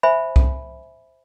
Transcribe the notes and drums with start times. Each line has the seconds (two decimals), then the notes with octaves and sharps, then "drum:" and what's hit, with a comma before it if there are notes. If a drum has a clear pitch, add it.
0.03 C5 E5 G#5 B5
0.36 drum: kick C2